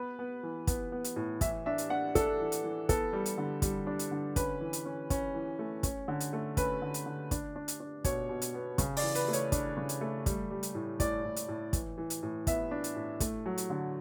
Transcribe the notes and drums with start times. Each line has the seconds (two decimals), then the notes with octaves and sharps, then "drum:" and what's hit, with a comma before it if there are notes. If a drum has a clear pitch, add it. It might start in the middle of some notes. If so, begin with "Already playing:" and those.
Already playing: B3 B4
0.19 B3
0.43 E3
0.67 B3, drum: kick, hi-hat
0.92 B3
1.04 drum: hi-hat
1.16 A2
1.41 E3 E5, drum: kick, hi-hat
1.66 D4 E5
1.78 drum: hi-hat
1.90 D4 F#5
2.15 D4 A4, drum: kick, hi-hat
2.40 E3
2.52 drum: hi-hat
2.64 E3
2.89 B3 A4, drum: kick, hi-hat
3.13 G3
3.26 drum: hi-hat
3.38 D3
3.62 G3, drum: kick, hi-hat
3.87 D4
3.99 drum: hi-hat
4.11 D3
4.36 C#4 B4, drum: kick, hi-hat
4.61 E3
4.73 drum: hi-hat
4.85 C#4
5.10 C#4, drum: kick, hi-hat
5.34 E3
5.59 A3
5.83 C#4, drum: kick, hi-hat
6.08 D3
6.20 drum: hi-hat
6.33 A3
6.57 C#4 B4, drum: kick, hi-hat
6.82 D3
6.94 drum: hi-hat
7.06 D3
7.31 D4, drum: kick, hi-hat
7.56 D4
7.68 drum: hi-hat
7.80 D4
8.04 B2 C#5, drum: kick, hi-hat
8.29 B2
8.42 drum: hi-hat
8.54 B3
8.78 C#3, drum: kick, hi-hat
8.97 D5, drum: open hi-hat
9.02 E3
9.15 B4, drum: hi-hat
9.28 A3
9.33 C#5, drum: hi-hat
9.52 D4, drum: kick, hi-hat
9.77 C#3
9.89 drum: hi-hat
10.01 A3
10.26 G3, drum: kick, hi-hat
10.50 G3
10.63 drum: hi-hat
10.75 A2
11.00 A2 D5, drum: kick, hi-hat
11.24 A2
11.36 drum: hi-hat
11.49 A2
11.73 E3, drum: kick, hi-hat
11.98 E3
12.10 drum: hi-hat
12.23 A2
12.47 B3 E5, drum: kick, hi-hat
12.71 D4
12.84 drum: hi-hat
12.96 A2
13.20 A3, drum: kick, hi-hat
13.46 F#3
13.58 drum: hi-hat
13.70 D3